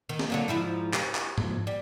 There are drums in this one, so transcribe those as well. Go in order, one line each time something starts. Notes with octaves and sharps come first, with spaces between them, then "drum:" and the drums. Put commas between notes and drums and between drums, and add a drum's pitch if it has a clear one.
D#3
drum: snare
D3 F#3 A#3
G#2 F3 E4
G4, drum: clap
drum: clap
drum: tom G#2
G3